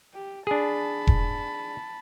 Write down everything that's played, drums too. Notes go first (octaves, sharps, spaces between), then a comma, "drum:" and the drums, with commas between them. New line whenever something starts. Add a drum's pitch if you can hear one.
G4
D4 G#4 A5 B5
drum: kick E1